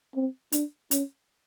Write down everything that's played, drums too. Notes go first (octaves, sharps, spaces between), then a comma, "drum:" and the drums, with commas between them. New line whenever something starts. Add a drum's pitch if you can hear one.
C4
D4, drum: hi-hat
C#4, drum: hi-hat